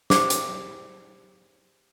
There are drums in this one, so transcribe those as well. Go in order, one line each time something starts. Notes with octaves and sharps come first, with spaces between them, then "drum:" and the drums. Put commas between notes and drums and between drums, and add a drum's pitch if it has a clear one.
G4 G#4 C5 D6, drum: snare
drum: hi-hat